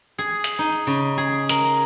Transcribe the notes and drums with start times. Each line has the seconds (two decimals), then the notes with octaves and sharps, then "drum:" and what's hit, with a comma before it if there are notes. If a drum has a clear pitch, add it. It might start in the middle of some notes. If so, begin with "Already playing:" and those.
0.18 G#4
0.44 drum: hi-hat
0.59 D#4
0.87 C#3
1.18 G#4
1.49 A#4, drum: hi-hat